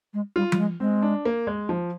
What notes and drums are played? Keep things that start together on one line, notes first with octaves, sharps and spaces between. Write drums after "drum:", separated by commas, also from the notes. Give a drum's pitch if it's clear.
G#3
G3 F4
G3, drum: tom F3
G#3
G#3 C4
D4
A#3
G#3
F3